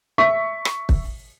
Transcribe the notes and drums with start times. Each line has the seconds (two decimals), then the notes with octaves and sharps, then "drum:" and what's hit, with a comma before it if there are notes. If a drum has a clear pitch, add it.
0.18 E5 C#6 B6
0.65 drum: rim click
0.89 drum: kick